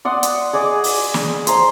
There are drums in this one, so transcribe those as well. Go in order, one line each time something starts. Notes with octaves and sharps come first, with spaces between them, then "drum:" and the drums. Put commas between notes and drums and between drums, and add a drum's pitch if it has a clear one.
D5 F#5 C6 D#6
drum: hi-hat
G#4 D5 D#5 D6
drum: open hi-hat
drum: snare
C5 A#5 C6, drum: hi-hat